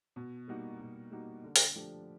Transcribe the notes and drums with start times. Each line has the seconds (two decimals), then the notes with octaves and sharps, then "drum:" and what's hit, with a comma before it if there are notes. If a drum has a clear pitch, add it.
0.16 B2
0.48 G3 A#3 D#4 F#4
0.80 B2
1.12 G3 A#3 D#4 F#4
1.44 D3
1.56 drum: open hi-hat
1.75 F3 A3 D4 G4